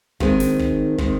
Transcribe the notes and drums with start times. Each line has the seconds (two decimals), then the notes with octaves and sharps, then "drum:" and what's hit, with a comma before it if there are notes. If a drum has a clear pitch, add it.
0.20 D#3 G#3 C4, drum: kick
0.40 drum: snare
0.59 drum: kick
0.98 D#3 G#3 C4, drum: kick